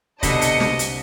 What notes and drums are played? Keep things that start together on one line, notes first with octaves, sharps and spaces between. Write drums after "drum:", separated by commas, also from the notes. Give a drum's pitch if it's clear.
C2 B2 D3 D#5 A5 B6 C#7, drum: kick, hi-hat
drum: hi-hat
drum: snare
drum: hi-hat